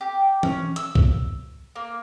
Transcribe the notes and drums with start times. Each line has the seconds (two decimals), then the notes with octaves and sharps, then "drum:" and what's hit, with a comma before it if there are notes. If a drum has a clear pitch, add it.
0.01 G4
0.43 C#4, drum: tom E3
0.76 E6, drum: hi-hat
0.95 drum: kick
1.76 A#3